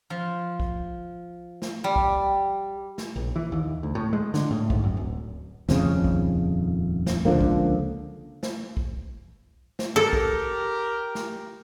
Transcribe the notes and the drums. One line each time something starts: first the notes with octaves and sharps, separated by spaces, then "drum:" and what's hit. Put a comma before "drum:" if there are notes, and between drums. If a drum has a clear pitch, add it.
F3
drum: kick
drum: snare
G3
drum: kick
drum: snare
A#1
E3
D#2
D2
A2
G#3
D3, drum: snare
A2
G#2, drum: kick
F#2
D1
D#1 F2 C#3, drum: snare
drum: kick
drum: snare
C#2 D3 F3 A#3
drum: kick
drum: snare
drum: kick
drum: snare
G4 A4 A#4
drum: kick
drum: snare